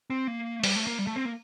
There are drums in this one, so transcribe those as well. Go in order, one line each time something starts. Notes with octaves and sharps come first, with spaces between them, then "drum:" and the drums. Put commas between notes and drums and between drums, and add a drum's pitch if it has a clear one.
C4
A#3
A3
G3, drum: open hi-hat
A3
A#3
G3
A3
C4
A#3